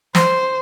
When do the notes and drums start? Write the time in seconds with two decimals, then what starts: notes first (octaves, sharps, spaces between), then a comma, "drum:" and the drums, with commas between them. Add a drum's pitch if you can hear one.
0.15 C5, drum: snare